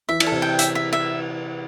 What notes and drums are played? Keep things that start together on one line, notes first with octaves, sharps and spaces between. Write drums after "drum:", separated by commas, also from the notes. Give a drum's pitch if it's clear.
E3 E5
E3, drum: cymbal
C3 A4
G5
E5, drum: hi-hat
E5
E5